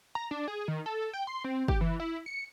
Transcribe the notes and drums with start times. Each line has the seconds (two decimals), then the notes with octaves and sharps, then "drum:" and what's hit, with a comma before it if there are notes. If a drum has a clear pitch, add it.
0.15 A#5
0.31 D4
0.48 G#4
0.68 D#3
0.86 A4
1.13 G5
1.27 C6
1.44 C4
1.68 G4, drum: kick
1.81 E3
2.00 E4
2.26 C#7